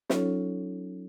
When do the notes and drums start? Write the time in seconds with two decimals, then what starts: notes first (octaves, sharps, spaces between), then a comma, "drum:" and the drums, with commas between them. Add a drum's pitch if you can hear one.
0.10 F#3 C#4 D#4 F4 A4 C#5, drum: snare